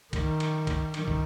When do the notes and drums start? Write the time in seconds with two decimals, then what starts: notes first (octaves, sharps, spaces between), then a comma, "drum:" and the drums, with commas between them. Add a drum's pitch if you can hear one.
0.13 D#3, drum: kick, cymbal
0.40 drum: cymbal
0.67 drum: kick, cymbal
0.94 D#3, drum: cymbal
1.08 drum: kick